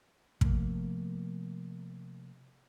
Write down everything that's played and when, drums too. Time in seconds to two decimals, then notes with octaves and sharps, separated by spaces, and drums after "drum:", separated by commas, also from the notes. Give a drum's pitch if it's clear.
0.41 C3 F3 A3 A#3, drum: kick